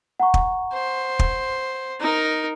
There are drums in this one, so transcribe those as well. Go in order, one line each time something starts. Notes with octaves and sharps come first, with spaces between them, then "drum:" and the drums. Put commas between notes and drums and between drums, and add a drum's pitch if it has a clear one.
F#5 A#5 C#6
drum: kick
C5
drum: kick
D#4 A#4